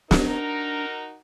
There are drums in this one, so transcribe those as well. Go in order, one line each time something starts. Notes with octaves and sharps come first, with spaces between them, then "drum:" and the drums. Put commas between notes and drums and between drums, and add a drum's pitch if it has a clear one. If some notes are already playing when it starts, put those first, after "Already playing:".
D4 D#4 F#4 A#4, drum: snare